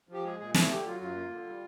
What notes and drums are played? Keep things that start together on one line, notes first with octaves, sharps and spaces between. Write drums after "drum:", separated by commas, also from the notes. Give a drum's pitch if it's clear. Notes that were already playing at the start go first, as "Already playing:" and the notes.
F3 G4
G#3 G#4
A#2 G#4
A3 G#4, drum: snare
D3 G4
F#3 F4
F#2 F4
A#3
D3
G3